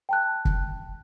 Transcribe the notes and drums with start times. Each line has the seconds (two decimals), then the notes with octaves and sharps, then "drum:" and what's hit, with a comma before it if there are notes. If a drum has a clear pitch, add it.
0.09 G5 A5 F#6
0.45 drum: kick